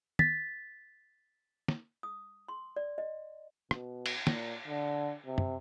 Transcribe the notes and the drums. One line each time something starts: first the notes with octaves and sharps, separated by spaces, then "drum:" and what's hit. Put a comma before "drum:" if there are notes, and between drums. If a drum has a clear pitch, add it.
A6 B6, drum: tom
drum: snare
D#6
C6
D5
D#5
B2, drum: rim click
drum: cymbal
A#2, drum: snare
D3
C3
drum: tom